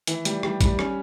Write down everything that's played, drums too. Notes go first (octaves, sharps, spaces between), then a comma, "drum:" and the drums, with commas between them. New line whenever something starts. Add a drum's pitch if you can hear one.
E3, drum: hi-hat
G3, drum: hi-hat
G3, drum: rim click
G3, drum: kick A1, hi-hat
C#4, drum: rim click